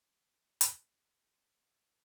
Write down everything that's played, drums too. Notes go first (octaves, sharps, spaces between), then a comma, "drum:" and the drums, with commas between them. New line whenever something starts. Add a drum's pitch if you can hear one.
A#2
drum: hi-hat